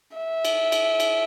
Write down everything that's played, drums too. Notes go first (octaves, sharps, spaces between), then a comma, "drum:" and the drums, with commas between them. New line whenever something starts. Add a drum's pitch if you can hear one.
E5
drum: cymbal
drum: cymbal
drum: cymbal